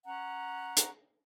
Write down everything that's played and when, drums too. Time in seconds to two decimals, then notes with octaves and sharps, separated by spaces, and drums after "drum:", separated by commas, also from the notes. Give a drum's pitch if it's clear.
0.06 C#4 F#5 A#5
0.77 drum: hi-hat